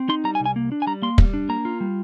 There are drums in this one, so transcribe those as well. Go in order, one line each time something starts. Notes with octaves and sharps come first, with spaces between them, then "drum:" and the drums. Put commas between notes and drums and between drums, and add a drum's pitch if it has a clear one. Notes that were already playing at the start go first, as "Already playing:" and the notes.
Already playing: C4
D#4 C6
G3 A#5
G#5
C2
G#5
A#3
D4
G#5
G3 A#5
A#3 C6
G3, drum: kick
D4
A#3 A#5
F4
G3